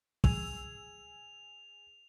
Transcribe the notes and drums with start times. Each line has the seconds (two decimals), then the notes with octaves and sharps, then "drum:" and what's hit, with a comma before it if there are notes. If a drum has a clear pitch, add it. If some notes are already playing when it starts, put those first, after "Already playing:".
0.24 G#4 E6 D#7 F7, drum: kick